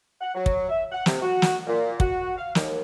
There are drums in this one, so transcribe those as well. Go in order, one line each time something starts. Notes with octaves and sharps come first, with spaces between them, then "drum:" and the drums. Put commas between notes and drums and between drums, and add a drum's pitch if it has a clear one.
F#5
F#3
drum: kick
E5
F#5
C3, drum: snare
F#4
drum: snare
A#2
F#4, drum: kick
F5
D#2, drum: snare